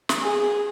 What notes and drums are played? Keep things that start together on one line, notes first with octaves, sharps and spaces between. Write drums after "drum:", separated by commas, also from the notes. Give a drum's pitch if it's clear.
drum: snare
G#4